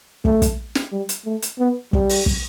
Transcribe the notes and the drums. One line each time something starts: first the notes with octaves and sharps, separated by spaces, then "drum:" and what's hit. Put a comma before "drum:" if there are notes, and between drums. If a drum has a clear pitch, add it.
A3, drum: kick
drum: kick, hi-hat
drum: snare
G3
drum: hi-hat
A3
drum: hi-hat
B3
G3, drum: kick
drum: open hi-hat
drum: kick